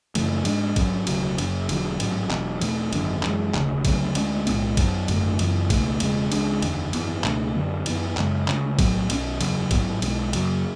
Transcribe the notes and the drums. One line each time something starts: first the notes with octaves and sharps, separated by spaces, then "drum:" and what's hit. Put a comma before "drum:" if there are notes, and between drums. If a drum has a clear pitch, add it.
F#2 C#3 E3 A3, drum: cymbal
G#2 G#3 D4, drum: cymbal
G#2 F#3 C#4, drum: kick, cymbal
E1 D2 C#3 F#3, drum: cymbal
F#1 F#2 C#3, drum: cymbal
E1 E2 D3 F#3, drum: cymbal
A1 G#2 F#3 C#4, drum: cymbal
E1 E2 B2 F#3, drum: clap
E2 B2 A3, drum: cymbal
G#1 F#2 D3, drum: cymbal
F#2 C#3 E3 G#3, drum: clap
E1 D2 C#3, drum: clap
D2 C#3 F#3 B3, drum: kick, cymbal
D2 D3 G#3 C#4, drum: cymbal
B1 A2 G#3 B3, drum: cymbal
F#2 C#3 F#3 B3, drum: kick, cymbal
G#1 F#2 D3 A3, drum: cymbal
F#1 F#2 E3, drum: cymbal
C#2 B2 A3, drum: kick, cymbal
E1 E2 C#3 G#3, drum: cymbal
C#2 C#3 G#3 D4, drum: cymbal
F#1 E2 D3, drum: cymbal
G#1 F#2 E3 B3, drum: cymbal
C#2 B2 A3 D4, drum: clap
F#2 D3 F#3 B3
F#2 E3 B3, drum: cymbal
F#2 C#3 G#3, drum: clap
D2 C#3 G#3 C#4, drum: clap
B1 A2 F#3 B3, drum: kick, cymbal
B1 B2 F#3 C#4, drum: cymbal
F#1 E2 C#3 F#3, drum: cymbal
A1 G#2 F#3 B3, drum: kick, cymbal
B1 B2 G#3 B3, drum: cymbal
F#2 C#3 F#3, drum: cymbal